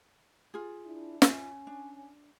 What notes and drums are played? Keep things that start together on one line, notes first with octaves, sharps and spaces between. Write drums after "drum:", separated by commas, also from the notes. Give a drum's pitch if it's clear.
F4 G#4
D4 E4
C#4 F4 G#5, drum: snare
D4